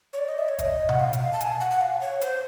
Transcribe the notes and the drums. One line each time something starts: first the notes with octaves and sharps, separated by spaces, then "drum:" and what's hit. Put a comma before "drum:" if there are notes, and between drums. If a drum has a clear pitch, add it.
C#5
D5
D#5
E5
C#5
D#5, drum: kick, hi-hat
F#5, drum: tom B2
F5
drum: hi-hat
A5
G#5, drum: hi-hat
F#5
F#5
F5
C#5
C5, drum: hi-hat